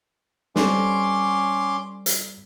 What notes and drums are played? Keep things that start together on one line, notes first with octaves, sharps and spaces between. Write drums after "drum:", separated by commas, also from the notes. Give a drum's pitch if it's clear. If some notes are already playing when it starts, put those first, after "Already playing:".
G3 C4 C#4 A4 C6 D6, drum: snare
drum: hi-hat